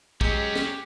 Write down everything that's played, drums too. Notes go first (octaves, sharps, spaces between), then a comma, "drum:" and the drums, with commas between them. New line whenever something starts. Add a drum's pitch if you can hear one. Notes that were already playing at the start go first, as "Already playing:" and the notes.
F#3 G#3 C#4 G4, drum: kick
drum: snare